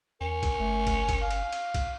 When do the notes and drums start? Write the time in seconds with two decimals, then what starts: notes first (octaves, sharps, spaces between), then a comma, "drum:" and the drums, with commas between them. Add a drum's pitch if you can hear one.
0.21 E2 C#4 A#4
0.43 drum: kick, cymbal
0.59 G1 A3
0.87 drum: kick, cymbal
1.09 drum: kick, cymbal
1.21 F5
1.31 drum: cymbal
1.53 drum: cymbal
1.74 drum: kick, cymbal